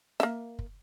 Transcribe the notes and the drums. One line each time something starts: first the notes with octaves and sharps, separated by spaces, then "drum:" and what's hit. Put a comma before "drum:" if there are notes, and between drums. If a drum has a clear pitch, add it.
A#3 E5, drum: snare
drum: kick